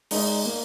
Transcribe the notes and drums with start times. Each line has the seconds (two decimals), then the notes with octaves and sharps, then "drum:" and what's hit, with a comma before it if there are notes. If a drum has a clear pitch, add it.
0.11 G#3 D#4, drum: open hi-hat
0.45 A#3